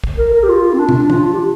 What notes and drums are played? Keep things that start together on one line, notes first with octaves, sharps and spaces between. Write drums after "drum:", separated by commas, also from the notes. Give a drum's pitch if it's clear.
drum: kick
A#4
A#4
G4
F4
C4
D4
drum: tom
D4
F4, drum: tom
F4
G4